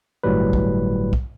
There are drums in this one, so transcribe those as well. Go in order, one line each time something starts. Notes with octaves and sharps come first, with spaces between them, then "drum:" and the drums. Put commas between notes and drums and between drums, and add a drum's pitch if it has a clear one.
G1 A2 F#3 G3 B4
drum: kick
drum: kick